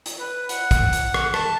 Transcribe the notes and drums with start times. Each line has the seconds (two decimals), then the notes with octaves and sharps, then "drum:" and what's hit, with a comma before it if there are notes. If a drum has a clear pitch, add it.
0.06 drum: hi-hat
0.19 B4
0.49 F#5, drum: hi-hat
0.71 drum: kick, hi-hat
0.93 drum: hi-hat
1.14 drum: rim click
1.34 A5, drum: rim click